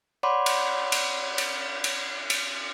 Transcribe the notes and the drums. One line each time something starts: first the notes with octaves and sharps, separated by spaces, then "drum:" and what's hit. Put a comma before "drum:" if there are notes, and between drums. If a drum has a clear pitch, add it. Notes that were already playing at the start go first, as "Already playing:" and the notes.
C#5 D5 F#5 B5 C6 D6
drum: cymbal
drum: cymbal
drum: cymbal
drum: cymbal
drum: cymbal